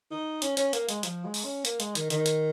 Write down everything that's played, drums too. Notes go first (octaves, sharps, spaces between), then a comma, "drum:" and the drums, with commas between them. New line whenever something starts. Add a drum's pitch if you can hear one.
D#4
C#4, drum: hi-hat
C#4, drum: hi-hat
A#3, drum: hi-hat
G#3, drum: hi-hat
F3, drum: hi-hat
G#3
drum: open hi-hat
C#4
A#3, drum: hi-hat
G#3, drum: hi-hat
D#3, drum: hi-hat
D#3, drum: hi-hat
drum: hi-hat